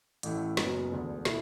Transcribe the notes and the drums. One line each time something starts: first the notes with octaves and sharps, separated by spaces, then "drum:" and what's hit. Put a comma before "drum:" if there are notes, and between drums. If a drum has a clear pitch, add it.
A1 A2 A3, drum: hi-hat
F#1 F#2 F#3 B3, drum: snare
E1 D2 D3
B2 A3 E4, drum: snare